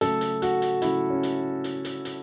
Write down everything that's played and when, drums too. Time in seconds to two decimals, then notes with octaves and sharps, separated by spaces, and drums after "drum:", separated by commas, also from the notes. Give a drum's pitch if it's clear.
0.01 C#3 F#3 A3 A4, drum: hi-hat
0.21 drum: hi-hat
0.42 F#4, drum: hi-hat
0.62 drum: hi-hat
0.82 C#3 F#3 A3 E4, drum: hi-hat
1.10 C#4
1.23 drum: hi-hat
1.64 drum: hi-hat
1.85 drum: hi-hat
2.05 drum: hi-hat